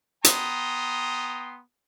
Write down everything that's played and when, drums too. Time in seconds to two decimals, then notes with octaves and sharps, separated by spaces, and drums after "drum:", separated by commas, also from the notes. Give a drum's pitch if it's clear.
0.24 B3 G5 A#5 C6 D#6, drum: hi-hat